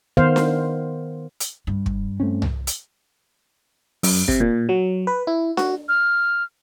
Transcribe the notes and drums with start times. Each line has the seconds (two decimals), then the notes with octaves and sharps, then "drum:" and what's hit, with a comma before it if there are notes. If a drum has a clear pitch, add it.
0.17 D#3 B3 C5 F5
0.36 drum: snare D4
1.40 drum: hi-hat
1.67 G2
1.86 drum: kick
2.20 A3 C4 C#4
2.42 drum: tom C2
2.67 drum: hi-hat
4.03 F#2, drum: open hi-hat
4.28 C3, drum: kick
4.40 A#2
4.69 F#3
5.07 B4
5.27 E4
5.57 F#4, drum: snare D4
5.89 F6